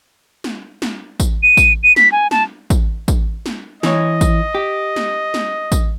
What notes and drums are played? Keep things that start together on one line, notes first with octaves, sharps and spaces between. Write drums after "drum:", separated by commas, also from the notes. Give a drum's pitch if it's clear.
drum: snare
drum: snare
drum: kick, tambourine
D#7
drum: kick, tambourine
D#7
B6, drum: snare
G#5
A5, drum: snare
drum: kick, tambourine
drum: kick, tambourine
drum: snare
E3 C#5 D#5, drum: snare
drum: kick, tambourine
G4
drum: snare
drum: snare
drum: kick, tambourine